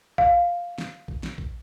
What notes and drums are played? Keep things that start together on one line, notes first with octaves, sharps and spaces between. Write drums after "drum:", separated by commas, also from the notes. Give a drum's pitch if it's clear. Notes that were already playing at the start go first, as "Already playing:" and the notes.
F5, drum: kick A#1
drum: snare
drum: kick A#1
drum: snare
drum: kick A#1